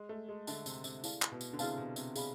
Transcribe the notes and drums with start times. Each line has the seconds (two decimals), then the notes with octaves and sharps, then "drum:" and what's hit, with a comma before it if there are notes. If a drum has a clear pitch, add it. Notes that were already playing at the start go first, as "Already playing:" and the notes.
Already playing: G#3
0.09 A3
0.29 G#3
0.47 D3 D4 A4 E5 A5, drum: tambourine
0.66 C3, drum: tambourine
0.84 C3, drum: tambourine
1.04 E4 G#4 D5 F5 A5, drum: tambourine
1.22 drum: clap
1.32 B2
1.41 drum: tambourine
1.53 D3
1.59 C3 E4 G#4 D5 F5 A5, drum: tambourine
1.78 B2
1.96 C3, drum: tambourine
2.16 G#4 D5 F5 B5, drum: tambourine